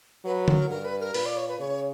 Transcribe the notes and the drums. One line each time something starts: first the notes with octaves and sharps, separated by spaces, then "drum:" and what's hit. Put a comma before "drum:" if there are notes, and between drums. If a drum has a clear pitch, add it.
F#3 B4
A#4, drum: tom D3
G2 A#4
B4
A#4
A#2 B4, drum: open hi-hat
D5
C#5
B4
C#3 C#5